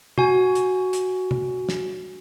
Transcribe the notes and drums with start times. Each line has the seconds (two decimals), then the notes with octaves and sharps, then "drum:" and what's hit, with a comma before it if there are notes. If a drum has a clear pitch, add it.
0.18 F#4 G#5, drum: tom C3
0.55 drum: hi-hat
0.93 drum: hi-hat
1.31 drum: tom C3
1.69 drum: snare